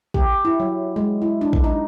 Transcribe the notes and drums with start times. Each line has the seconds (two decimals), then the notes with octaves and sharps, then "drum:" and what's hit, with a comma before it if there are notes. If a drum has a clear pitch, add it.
0.14 G4, drum: kick
0.45 E4
0.60 F#3
0.96 G#3
1.22 E4
1.41 D4
1.53 drum: kick
1.64 D#4